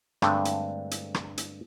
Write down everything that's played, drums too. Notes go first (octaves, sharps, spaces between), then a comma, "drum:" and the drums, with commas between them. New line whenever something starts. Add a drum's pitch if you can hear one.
G2 D3 G#3 A3 C4 D4, drum: rim click
drum: hi-hat
drum: hi-hat
drum: rim click
drum: hi-hat